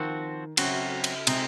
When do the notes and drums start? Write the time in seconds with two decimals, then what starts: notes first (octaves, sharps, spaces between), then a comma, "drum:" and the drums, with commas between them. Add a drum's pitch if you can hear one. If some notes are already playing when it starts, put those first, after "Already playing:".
Already playing: D#3 F3 C4 F#4
0.57 C#3 F#3 C4 F#4, drum: cymbal
1.04 drum: cymbal
1.27 C3 G#3 C4 D#4, drum: cymbal